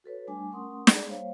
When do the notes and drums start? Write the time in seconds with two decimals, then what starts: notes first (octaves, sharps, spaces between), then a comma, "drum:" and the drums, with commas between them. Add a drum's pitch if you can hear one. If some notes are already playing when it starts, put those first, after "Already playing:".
0.04 F#4 A4 B4 C#5
0.27 G3 A3 D4 G#5 D6
0.51 A3 C#4 A#4 F#5 C6 D#6
0.87 G#4 D5, drum: snare
1.09 G3 A#3 C5 C#5 F5